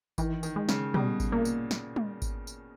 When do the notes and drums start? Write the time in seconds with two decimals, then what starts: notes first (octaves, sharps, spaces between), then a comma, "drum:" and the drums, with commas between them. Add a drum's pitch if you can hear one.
0.18 D#3 E3, drum: kick G#1, tambourine
0.43 D#3, drum: tambourine
0.56 G#3
0.69 C#3, drum: snare
0.94 B2 G3, drum: tom
1.20 drum: kick G#1, tambourine
1.32 A#2 A#3
1.45 drum: tambourine
1.71 drum: snare
1.96 drum: tom G3
2.22 drum: kick G#1, tambourine
2.47 drum: tambourine